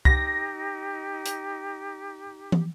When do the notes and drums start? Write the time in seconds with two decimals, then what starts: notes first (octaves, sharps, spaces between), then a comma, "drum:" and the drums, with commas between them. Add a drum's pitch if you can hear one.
0.05 D#4 G4 A#6, drum: kick C2
1.26 drum: hi-hat
2.52 drum: tom